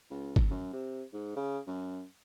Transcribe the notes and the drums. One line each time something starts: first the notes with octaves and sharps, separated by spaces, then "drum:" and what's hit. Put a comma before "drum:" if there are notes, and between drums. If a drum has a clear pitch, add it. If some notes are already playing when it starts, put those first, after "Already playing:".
C#2
drum: kick
F#2
C3
G#2
C#3
F#2